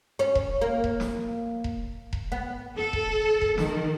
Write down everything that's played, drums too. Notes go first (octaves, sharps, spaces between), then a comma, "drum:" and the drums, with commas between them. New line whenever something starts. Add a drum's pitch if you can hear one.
C#4
drum: kick E1
A#3
drum: kick E1
drum: snare
drum: kick E1
drum: kick E1
B3
A4
drum: kick E1
drum: kick E1
D#3, drum: snare